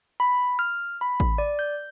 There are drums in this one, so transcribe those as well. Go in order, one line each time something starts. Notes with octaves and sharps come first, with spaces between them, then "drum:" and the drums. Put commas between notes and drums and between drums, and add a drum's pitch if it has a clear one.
B5
F6
B5
drum: kick A1
D5
G6